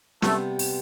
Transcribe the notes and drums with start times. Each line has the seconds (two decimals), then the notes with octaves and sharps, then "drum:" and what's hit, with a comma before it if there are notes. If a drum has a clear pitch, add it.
0.22 C3 G3 A3 B3, drum: snare
0.59 drum: open hi-hat